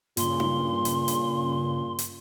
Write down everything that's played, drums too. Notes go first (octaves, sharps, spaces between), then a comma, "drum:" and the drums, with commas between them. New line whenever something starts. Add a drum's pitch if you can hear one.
G2 A#2 C#3 C6, drum: hi-hat
drum: tom D#4
drum: hi-hat
drum: hi-hat
drum: hi-hat